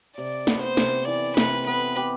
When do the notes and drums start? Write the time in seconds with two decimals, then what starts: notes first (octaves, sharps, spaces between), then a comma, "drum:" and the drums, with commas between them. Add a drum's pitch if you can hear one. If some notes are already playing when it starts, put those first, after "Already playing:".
0.18 C3 D5
0.47 B3, drum: snare
0.62 C5
0.77 C3, drum: snare
1.07 E3 D5
1.37 C3 B4, drum: snare
1.67 B3 B4
1.97 G4